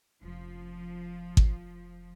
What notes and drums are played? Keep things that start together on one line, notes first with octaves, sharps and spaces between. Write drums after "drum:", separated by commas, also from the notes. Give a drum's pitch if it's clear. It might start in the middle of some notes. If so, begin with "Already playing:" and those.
F1 F3 C#4
drum: kick G#1